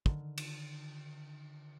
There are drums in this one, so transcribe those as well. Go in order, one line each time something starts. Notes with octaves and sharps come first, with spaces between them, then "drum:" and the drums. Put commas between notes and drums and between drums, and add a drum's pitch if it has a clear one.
D3 D#3, drum: kick
drum: cymbal